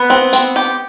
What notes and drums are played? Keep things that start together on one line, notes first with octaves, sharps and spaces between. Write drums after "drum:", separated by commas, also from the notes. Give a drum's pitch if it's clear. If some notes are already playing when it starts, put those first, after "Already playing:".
Already playing: B3
C4
C4, drum: tambourine
G4